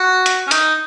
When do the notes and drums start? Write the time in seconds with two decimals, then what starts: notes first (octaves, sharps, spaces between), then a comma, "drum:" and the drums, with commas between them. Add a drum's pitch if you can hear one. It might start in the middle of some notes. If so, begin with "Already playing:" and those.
Already playing: F#4
0.26 drum: hi-hat
0.47 C#4
0.51 D#4, drum: hi-hat